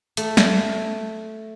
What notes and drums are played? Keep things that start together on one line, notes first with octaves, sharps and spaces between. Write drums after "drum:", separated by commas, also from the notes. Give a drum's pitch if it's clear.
A3, drum: hi-hat
drum: snare